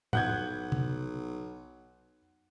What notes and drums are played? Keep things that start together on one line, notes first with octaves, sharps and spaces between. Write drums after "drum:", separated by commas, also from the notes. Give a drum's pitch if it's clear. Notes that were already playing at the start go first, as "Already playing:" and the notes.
B1 F#5 G6 G#6, drum: tom
drum: tom